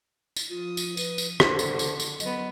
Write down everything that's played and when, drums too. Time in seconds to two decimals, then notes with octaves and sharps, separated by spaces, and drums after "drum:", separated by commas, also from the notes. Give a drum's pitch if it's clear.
0.36 drum: tambourine
0.49 F3 F4 D#6
0.77 drum: tambourine
0.97 B4, drum: tambourine
1.18 drum: tambourine
1.40 D3 C5, drum: rim click
1.59 drum: tambourine
1.79 drum: tambourine
2.00 drum: tambourine
2.20 F#3 B3 D#5, drum: tambourine